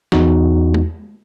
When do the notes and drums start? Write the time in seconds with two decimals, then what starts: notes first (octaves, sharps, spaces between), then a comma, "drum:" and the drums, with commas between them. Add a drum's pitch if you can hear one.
0.12 E2 D#4 F#4, drum: snare
0.74 drum: tom